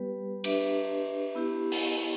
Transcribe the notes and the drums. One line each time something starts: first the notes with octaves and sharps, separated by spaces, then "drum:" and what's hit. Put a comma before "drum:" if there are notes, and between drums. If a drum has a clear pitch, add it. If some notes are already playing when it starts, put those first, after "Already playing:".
Already playing: G3 B3 G4 B4
D4 G4 B4 E5, drum: cymbal
B3 E4 G4
drum: open hi-hat